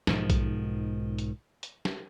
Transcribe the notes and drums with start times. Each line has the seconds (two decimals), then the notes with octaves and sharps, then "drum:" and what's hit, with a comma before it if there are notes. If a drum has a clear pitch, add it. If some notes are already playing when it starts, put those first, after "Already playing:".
0.07 B1 G#2 D#3 F3, drum: snare
0.30 drum: kick A#1, hi-hat
1.19 drum: hi-hat
1.63 drum: hi-hat
1.85 drum: snare